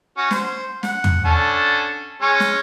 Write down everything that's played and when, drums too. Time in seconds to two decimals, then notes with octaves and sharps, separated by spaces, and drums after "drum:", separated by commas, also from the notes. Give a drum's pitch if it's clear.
0.17 C#4 F#4
0.31 C5, drum: snare
0.83 F#5, drum: snare
1.04 drum: tom
1.25 D3 C#4 A5
2.21 G#3 C#4 C#5
2.40 drum: snare